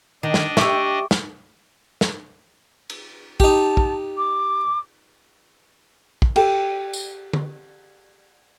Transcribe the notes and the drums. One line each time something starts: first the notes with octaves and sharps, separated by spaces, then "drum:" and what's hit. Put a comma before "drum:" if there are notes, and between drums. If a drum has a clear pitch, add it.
D#3 D4 D#5
drum: snare
G4 E5 C#6 D6, drum: snare
drum: snare
drum: snare
drum: cymbal
D#4 G4 A5, drum: kick
drum: kick
D6
drum: kick
G4 A4 G5, drum: cymbal
drum: tambourine
drum: tom